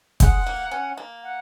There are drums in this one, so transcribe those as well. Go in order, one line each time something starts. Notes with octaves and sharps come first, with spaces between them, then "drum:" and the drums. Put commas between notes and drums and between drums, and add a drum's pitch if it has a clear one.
G#3 F#5, drum: kick, hi-hat
A#3
C#4
A#3
F#5